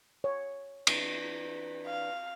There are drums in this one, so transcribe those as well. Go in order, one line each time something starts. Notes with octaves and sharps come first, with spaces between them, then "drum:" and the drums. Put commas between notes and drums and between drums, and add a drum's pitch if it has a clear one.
C#5
E3 D4 G#4, drum: cymbal
F5